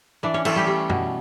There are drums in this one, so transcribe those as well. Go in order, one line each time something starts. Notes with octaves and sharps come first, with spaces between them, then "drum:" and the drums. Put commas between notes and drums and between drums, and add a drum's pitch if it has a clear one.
E3 D4 D5
C#4 C#5
E3 A3 A4, drum: cymbal
G3 G4
G3
B2, drum: tom F#2